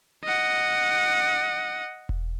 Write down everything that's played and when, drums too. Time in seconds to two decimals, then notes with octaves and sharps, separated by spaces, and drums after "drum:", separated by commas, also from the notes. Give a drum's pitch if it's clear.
0.24 D#5 F#5
2.09 drum: kick E1